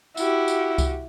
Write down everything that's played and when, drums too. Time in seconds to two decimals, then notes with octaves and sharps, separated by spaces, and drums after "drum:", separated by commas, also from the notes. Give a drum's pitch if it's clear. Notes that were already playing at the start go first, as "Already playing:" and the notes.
0.17 E4 F#4 G4, drum: tambourine
0.48 drum: tambourine
0.78 drum: kick C2, tambourine